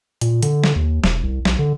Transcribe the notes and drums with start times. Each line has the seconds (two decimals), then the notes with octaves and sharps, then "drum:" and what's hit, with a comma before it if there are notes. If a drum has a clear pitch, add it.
0.21 A#2, drum: hi-hat
0.43 D3, drum: hi-hat
0.64 drum: snare
0.76 D#2
1.04 E1, drum: snare
1.23 C2
1.45 B1, drum: snare
1.59 D3